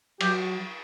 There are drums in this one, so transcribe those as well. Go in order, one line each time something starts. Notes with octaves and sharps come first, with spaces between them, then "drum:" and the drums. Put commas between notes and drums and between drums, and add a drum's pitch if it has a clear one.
F#3 G4, drum: cymbal